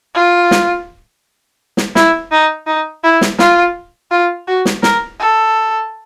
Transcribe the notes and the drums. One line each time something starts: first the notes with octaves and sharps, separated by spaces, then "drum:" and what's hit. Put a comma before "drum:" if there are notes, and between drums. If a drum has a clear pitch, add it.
F4
drum: snare
drum: snare
E4, drum: snare
D#4
D#4
E4
drum: snare
F4, drum: snare
F4
F#4
drum: snare
A#4, drum: snare
A4